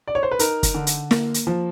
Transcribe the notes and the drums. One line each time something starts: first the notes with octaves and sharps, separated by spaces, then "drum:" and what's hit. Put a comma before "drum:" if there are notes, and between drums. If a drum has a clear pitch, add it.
D5
C#5
C5
B4
D#4 A#4, drum: hi-hat
drum: kick, hi-hat
D3
drum: hi-hat
A#3, drum: snare
drum: hi-hat
F3